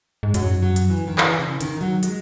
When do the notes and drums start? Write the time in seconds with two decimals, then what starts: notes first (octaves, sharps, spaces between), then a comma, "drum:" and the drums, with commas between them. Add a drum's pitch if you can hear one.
0.23 G#2
0.34 F#2 F#3, drum: hi-hat
0.62 F#3
0.76 drum: hi-hat
0.90 E3
1.07 D#3
1.18 E3, drum: clap
1.39 C#3
1.61 D#3, drum: hi-hat
1.81 F#3
2.03 G#3, drum: hi-hat